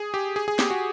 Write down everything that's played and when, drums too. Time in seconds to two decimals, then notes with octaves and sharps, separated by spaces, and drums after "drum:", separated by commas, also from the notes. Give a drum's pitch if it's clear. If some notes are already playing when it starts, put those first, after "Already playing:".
Already playing: G#4
0.14 G4
0.36 G#4
0.48 G#4
0.59 G4, drum: snare
0.70 F#4